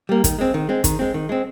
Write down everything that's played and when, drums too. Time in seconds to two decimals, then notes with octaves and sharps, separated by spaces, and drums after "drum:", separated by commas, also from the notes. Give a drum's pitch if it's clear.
0.09 G3 A#3
0.24 D#3, drum: kick, hi-hat
0.39 G#3 C4
0.54 D#3
0.69 G#3 C4
0.84 D#3, drum: kick, hi-hat
0.99 G#3 C4
1.14 D#3
1.29 G#3 C4